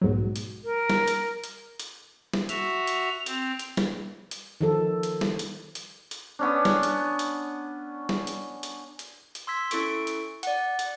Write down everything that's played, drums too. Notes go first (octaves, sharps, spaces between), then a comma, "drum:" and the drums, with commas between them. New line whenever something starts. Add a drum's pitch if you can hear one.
B1 G#2 F#3
drum: hi-hat
A#4
drum: snare
drum: hi-hat
drum: hi-hat
drum: hi-hat
drum: snare
F#4 E5 F7, drum: hi-hat
drum: hi-hat
C4, drum: hi-hat
drum: hi-hat
drum: snare
drum: hi-hat
D#3 F3 A4
drum: hi-hat
drum: snare
drum: hi-hat
drum: hi-hat
drum: hi-hat
B3 C#4 D4
drum: snare
drum: hi-hat
drum: hi-hat
drum: snare
drum: hi-hat
drum: hi-hat
drum: hi-hat
drum: hi-hat
C6 E6 G#6 B6
C#4 E4 A4 C#6 D7, drum: hi-hat
drum: hi-hat
D5 F#5, drum: hi-hat
drum: hi-hat